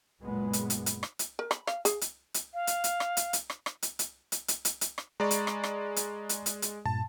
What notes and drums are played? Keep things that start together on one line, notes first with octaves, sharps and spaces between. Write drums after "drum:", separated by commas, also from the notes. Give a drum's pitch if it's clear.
F#1 A#2 G#3 B3
drum: hi-hat
drum: hi-hat
drum: hi-hat
drum: rim click
drum: hi-hat
A#4
B5, drum: rim click
F5, drum: rim click
G#4, drum: hi-hat
drum: hi-hat
drum: hi-hat
F5
drum: hi-hat
drum: hi-hat
drum: rim click
drum: hi-hat
drum: hi-hat
drum: rim click
drum: rim click
drum: hi-hat
drum: hi-hat
drum: hi-hat
drum: hi-hat
drum: hi-hat
drum: hi-hat
drum: rim click
G#3 D5 A#5 B5 C#6
drum: hi-hat
drum: rim click
drum: rim click
drum: hi-hat
drum: hi-hat
drum: hi-hat
drum: hi-hat
G2 A#2 A5